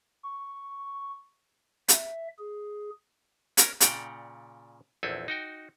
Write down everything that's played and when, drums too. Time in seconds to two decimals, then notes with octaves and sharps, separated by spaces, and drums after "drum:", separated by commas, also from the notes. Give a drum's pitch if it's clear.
0.23 C#6
1.88 E5, drum: hi-hat
2.38 G#4
3.57 C#4 A#4, drum: hi-hat
3.81 A#2 C#3 D5 F#5 G5 A#5, drum: hi-hat
5.03 A#1 E2 C4 E4 A4 G#5
5.28 D#4 F#4 G5